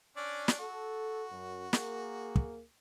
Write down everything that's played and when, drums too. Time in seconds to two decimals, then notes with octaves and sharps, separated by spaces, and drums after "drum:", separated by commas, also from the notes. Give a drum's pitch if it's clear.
0.17 C#4 D4 D5
0.48 drum: snare
0.59 F#4 A4
1.32 F#2
1.73 A#3 G#4 A#4, drum: snare
2.36 drum: kick